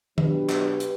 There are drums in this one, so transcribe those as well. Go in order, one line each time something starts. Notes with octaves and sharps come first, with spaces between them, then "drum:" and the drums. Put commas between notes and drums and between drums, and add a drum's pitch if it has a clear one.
B2 F#3 B3 D4 G4 B4, drum: tom
drum: clap
drum: hi-hat